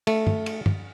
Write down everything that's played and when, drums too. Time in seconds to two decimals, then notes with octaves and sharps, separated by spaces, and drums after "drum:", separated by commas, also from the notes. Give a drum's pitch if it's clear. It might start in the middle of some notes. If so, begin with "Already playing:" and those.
0.07 A3, drum: cymbal
0.27 drum: tom
0.46 drum: cymbal
0.66 drum: tom